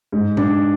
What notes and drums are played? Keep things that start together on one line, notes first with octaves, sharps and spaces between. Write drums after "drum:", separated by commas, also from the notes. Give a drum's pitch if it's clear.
G#2
D4, drum: tom A#2